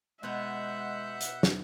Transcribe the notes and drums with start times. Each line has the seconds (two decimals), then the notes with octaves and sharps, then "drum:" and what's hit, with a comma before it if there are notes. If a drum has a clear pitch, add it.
0.23 B2 G#3 B3 E5 F#5 F#6 G6
1.21 drum: hi-hat
1.43 drum: snare